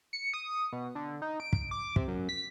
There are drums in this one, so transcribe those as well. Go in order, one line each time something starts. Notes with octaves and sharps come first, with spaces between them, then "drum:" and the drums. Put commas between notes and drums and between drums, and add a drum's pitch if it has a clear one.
C#7
D#6
B2
D3
D#4
D7
drum: kick
D6
C3, drum: kick
F#2
B6